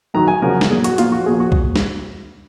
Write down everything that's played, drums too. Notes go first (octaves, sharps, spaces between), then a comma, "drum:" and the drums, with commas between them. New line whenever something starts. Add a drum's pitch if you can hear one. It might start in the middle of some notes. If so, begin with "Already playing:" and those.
F#2 D#3 F#3 A#5
G#5
F#2 C#3 F3 A#4
drum: snare
A#2 F#3 G#4
F#4, drum: hi-hat
A#2 F3 F4, drum: hi-hat
F#4
A#2 F3 G#4
F#4
drum: kick B1
drum: snare